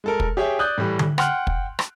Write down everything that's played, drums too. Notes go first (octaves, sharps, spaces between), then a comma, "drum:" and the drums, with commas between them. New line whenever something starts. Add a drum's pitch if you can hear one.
G#3 A4 A#4
drum: kick
G4 G#4 C#5 E5 G5
D5 D#6 F#6 G6
A2 E3 G3
drum: tom D3
F#5 G5 C6 F6 F#6, drum: rim click
drum: kick
drum: rim click